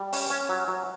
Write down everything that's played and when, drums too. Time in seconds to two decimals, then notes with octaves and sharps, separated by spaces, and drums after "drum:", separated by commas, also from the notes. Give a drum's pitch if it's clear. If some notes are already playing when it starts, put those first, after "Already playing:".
Already playing: G3
0.13 C#4, drum: open hi-hat
0.30 C#4
0.49 F#3
0.68 F#3